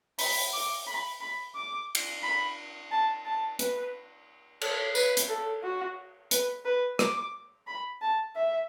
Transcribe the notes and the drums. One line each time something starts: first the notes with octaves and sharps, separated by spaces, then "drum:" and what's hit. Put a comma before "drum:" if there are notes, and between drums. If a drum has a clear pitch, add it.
B5, drum: open hi-hat
D6
B5
B5
D6
drum: cymbal
B5
A5
A5
B4, drum: hi-hat
A4, drum: cymbal
B4, drum: tambourine
drum: hi-hat
A4
F#4
B4, drum: hi-hat
B4
D6, drum: rim click
B5
A5
E5